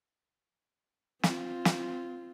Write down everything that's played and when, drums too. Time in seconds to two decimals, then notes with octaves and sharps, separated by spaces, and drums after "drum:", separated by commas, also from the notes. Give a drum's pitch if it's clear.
1.23 C4 F4, drum: snare
1.65 drum: snare